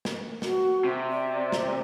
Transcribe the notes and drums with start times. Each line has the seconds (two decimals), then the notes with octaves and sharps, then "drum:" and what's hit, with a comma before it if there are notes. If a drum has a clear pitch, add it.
0.05 drum: snare
0.42 F#4, drum: snare
0.84 C3
1.11 D5
1.52 drum: snare